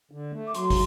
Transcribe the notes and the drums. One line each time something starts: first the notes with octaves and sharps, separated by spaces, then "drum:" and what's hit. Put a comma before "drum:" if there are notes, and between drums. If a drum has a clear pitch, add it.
D3
A3
D6
F#3 C6, drum: hi-hat
drum: kick, open hi-hat